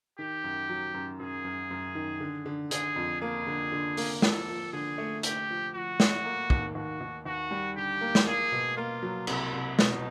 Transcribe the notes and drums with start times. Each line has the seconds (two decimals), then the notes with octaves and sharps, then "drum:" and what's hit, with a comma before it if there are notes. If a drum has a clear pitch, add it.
0.19 D#3 G4
0.44 F#2
0.69 F#3
0.94 F#2
1.20 F#2 G#4
1.45 F#2
1.71 F#2
1.95 D#3
2.20 D3
2.46 D3
2.71 D3 G#4, drum: hi-hat
2.96 F2
3.21 A#3 G#4
3.47 D3
3.72 D3
3.97 A#3, drum: open hi-hat
4.22 F3 A4, drum: snare
4.48 F3
4.72 D3 G#4
4.98 A3
5.23 A3 G4, drum: hi-hat
5.49 F3
5.74 F3 F#4
6.00 A3, drum: snare
6.25 A#3
6.50 D#2, drum: kick
6.75 D#2 F#4
7.01 D#2
7.25 D#2 F#4
7.51 G3
7.76 D3 G4
8.01 A#3
8.15 drum: snare
8.26 A#3 G#4
8.52 B2
8.77 A#3 F4
9.03 F#3
9.27 C2 E4, drum: cymbal
9.53 C2
9.79 B2 D#4, drum: snare